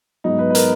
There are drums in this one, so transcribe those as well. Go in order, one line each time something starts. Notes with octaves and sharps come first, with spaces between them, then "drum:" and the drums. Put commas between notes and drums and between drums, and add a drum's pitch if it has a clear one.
G#2 F#3 B3 D#4
B4
B4
A#4, drum: hi-hat